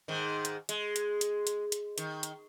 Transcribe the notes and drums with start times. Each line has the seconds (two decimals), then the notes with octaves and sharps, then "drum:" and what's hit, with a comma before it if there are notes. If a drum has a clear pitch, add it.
0.08 G#2 D#3
0.45 drum: hi-hat
0.69 G#3, drum: hi-hat
0.96 drum: hi-hat
1.21 drum: hi-hat
1.47 drum: hi-hat
1.72 drum: hi-hat
1.98 D#3, drum: hi-hat
2.23 drum: hi-hat